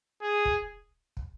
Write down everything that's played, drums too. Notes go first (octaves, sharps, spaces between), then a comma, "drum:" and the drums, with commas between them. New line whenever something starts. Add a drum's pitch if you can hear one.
G#4
drum: kick
drum: kick